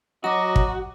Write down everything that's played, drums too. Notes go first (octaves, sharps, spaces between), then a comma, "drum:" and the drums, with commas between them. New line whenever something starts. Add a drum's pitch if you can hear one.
F#3 F#4 D#5 A#5 D6
drum: kick